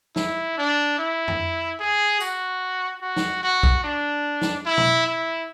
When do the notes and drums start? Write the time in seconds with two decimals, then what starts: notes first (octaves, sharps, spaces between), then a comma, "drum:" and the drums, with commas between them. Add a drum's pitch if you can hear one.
0.16 E4, drum: snare
0.57 D4
0.98 E4
1.28 drum: tom F2
1.80 G#4
2.20 F#4, drum: tambourine
3.02 F#4
3.16 drum: snare
3.43 F#4
3.63 drum: kick
3.84 D4
4.41 drum: snare
4.66 E4
4.77 drum: tom B2
5.06 E4